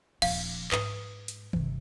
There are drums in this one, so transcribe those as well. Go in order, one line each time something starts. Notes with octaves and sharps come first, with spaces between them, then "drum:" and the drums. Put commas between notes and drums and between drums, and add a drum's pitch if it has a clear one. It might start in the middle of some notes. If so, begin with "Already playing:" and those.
D#1 F3 F5, drum: cymbal
G#2 B4 D#6, drum: clap
drum: hi-hat
G1 C3, drum: tom D#3